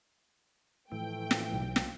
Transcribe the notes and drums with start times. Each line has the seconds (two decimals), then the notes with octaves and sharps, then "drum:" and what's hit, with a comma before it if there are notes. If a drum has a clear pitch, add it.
0.92 A2 E3 F3 A3 G5
1.31 drum: snare
1.53 B1
1.76 drum: snare